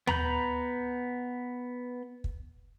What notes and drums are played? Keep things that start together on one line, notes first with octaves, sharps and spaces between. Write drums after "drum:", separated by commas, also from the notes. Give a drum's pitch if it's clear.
B3 A#5 B5 G6, drum: tom
drum: kick